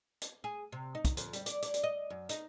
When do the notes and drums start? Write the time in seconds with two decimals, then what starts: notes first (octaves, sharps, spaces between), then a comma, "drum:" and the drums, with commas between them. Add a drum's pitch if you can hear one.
0.22 drum: hi-hat
0.44 G#4
0.72 C3
0.95 D#4
1.05 drum: kick, hi-hat
1.17 F2, drum: hi-hat
1.33 G3, drum: hi-hat
1.46 D5, drum: hi-hat
1.62 D5, drum: hi-hat
1.74 drum: hi-hat
1.83 D#5
2.10 F#2
2.29 D#4, drum: hi-hat